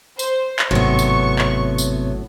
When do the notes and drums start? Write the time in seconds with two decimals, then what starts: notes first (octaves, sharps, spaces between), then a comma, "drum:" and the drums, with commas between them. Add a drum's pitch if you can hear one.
0.19 C5, drum: tambourine
0.59 drum: clap
0.71 G#1 A2 C3 F#3 B3 C#6
0.99 drum: tambourine
1.39 drum: clap
1.78 drum: tambourine